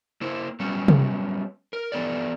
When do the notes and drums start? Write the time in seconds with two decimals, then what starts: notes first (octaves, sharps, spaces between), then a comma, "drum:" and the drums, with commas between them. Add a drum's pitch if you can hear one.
0.21 A#3 E4 C5
0.60 F#3 G3 B3 C#4
0.88 drum: tom C3
1.73 A#4
1.92 E3 B3 A4 D5